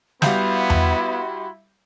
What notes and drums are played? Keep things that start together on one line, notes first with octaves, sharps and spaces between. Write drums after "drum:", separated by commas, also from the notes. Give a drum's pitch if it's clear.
G3 B3 E4 F#4 F5 B5 C6 G6, drum: snare
drum: tom E2